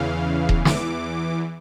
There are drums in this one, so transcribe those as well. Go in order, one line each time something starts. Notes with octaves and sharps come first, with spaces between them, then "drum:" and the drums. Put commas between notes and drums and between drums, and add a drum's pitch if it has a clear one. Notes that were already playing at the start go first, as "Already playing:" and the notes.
Already playing: E2 C#3 E3 F5
drum: kick D#1
E2 E3 D6, drum: snare